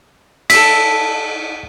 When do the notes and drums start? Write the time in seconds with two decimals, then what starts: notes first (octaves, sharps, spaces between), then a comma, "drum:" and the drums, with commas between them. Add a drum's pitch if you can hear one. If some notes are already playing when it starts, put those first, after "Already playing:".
0.50 A4 E5 B6, drum: cymbal